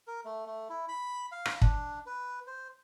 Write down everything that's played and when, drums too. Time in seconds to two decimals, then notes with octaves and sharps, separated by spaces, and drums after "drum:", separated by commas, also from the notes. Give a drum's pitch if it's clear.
0.07 A#4
0.25 A3
0.46 A3
0.70 E4
0.89 B5
1.32 F5
1.45 drum: rim click
1.62 D4, drum: kick
2.06 B4
2.47 C5